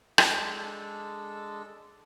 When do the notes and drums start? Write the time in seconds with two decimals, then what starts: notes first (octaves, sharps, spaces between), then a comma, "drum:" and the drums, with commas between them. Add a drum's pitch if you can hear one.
0.18 G#3 D4 A4, drum: rim click